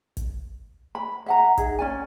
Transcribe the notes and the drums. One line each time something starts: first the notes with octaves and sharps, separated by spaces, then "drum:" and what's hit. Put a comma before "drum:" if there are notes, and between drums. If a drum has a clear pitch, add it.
drum: kick, hi-hat
B5
E5 F#5 A#5
D#4 G#4, drum: kick, hi-hat
C#4 D5 G#5